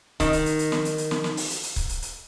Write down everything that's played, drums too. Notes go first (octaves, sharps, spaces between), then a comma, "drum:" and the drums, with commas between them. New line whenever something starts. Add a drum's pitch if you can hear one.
D#3, drum: kick C#1, hi-hat
drum: hi-hat
drum: hi-hat
drum: hi-hat
drum: snare
drum: hi-hat
drum: hi-hat
drum: snare
drum: snare
drum: open hi-hat
drum: hi-hat
drum: hi-hat
drum: kick C#1, hi-hat
drum: hi-hat
drum: hi-hat